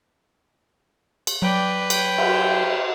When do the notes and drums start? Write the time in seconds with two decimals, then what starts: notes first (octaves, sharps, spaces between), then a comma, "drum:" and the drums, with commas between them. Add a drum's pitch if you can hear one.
1.27 drum: cymbal
1.42 F#3 B4 D5 G5
1.90 C#5 G5, drum: cymbal
2.18 drum: cymbal